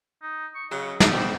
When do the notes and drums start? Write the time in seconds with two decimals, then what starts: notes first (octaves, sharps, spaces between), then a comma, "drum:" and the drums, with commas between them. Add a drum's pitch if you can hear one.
0.22 D#4
0.55 C#6
0.71 C#3 F#3 D#5
1.00 B2 D#4, drum: snare
1.12 E3 C4 D4